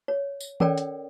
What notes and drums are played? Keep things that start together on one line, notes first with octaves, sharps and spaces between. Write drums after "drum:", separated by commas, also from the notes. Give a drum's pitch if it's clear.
C#5
drum: tambourine
C#4 A4 A#4 C#5 D5 G5, drum: tom D#3
drum: hi-hat